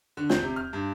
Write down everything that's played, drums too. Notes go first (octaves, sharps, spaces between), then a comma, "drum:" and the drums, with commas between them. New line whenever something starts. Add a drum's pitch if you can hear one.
D3
G6, drum: snare
C3
F6
G2